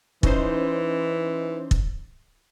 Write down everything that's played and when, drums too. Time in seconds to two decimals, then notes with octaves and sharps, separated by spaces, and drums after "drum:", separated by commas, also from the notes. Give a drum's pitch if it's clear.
0.23 E3 C#4 D#4 C5, drum: kick
1.71 drum: kick